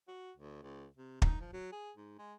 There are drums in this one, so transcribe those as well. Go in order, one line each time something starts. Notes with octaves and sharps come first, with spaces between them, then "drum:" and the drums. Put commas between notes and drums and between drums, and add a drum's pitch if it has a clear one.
F#4
D2
C#2
C3
D#4, drum: kick
F3
F#3
G#4
G#2
G#3